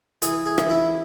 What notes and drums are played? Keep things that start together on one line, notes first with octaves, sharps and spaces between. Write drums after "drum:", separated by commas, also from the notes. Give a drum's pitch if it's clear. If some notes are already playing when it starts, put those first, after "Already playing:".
E3 G#4, drum: hi-hat
G#4
E3, drum: rim click
E4